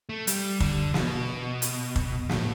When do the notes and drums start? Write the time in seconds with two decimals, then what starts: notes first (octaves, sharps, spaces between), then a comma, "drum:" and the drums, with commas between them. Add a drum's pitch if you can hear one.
0.09 A3
0.27 G3, drum: hi-hat
0.60 D3, drum: kick
0.94 B2, drum: snare
1.62 drum: hi-hat
1.96 drum: kick
2.29 A2, drum: snare